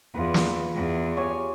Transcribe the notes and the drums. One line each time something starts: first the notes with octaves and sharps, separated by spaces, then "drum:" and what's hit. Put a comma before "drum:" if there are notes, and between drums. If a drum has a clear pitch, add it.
E2 F4 B4
drum: snare
E2
G4 C#5 G#5